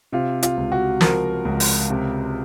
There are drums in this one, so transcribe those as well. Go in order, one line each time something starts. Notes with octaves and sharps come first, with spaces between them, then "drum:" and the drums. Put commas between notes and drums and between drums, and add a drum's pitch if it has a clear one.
C3 F4
F4, drum: hi-hat
C#2
F#4
F3 A#4, drum: snare
C#2
drum: open hi-hat
C3